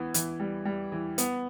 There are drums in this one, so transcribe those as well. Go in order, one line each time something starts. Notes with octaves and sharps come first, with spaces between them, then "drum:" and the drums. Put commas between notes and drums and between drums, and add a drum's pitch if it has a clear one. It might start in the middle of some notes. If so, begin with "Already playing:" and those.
Already playing: E3 B3
E3, drum: hi-hat
G3
G3
E3
B3, drum: hi-hat